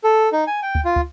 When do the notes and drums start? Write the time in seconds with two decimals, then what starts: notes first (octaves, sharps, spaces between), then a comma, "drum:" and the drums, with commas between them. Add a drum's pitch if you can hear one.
0.04 A4
0.32 D#4
0.47 G#5
0.63 G5
0.75 drum: kick
0.85 F4
0.96 drum: kick